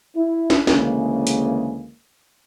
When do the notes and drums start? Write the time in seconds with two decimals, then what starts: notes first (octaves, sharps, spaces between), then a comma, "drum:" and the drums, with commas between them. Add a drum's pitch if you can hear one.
0.16 E4
0.50 drum: snare
0.67 D2 C#3 E3 G#3 A#3, drum: snare
1.27 drum: hi-hat